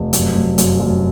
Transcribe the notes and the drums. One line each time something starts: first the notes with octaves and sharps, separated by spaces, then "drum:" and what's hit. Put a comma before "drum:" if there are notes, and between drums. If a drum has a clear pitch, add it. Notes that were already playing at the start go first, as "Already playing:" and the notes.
Already playing: F1
F#2, drum: hi-hat
F#2
F#2, drum: hi-hat
F#2